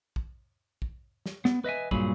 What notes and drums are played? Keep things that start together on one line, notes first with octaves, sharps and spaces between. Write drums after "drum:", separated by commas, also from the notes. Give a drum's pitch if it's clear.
drum: kick
drum: kick
drum: snare
B3, drum: snare
B4 D#5 E5 G#5
G2 A#2 F#3 G#4 B5, drum: kick